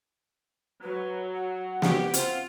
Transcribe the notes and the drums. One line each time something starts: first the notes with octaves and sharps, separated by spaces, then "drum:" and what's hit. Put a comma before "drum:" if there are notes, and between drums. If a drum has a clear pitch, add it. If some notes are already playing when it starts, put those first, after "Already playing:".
F#3 B4
F#5
C#3 G4, drum: snare
C4 F4, drum: hi-hat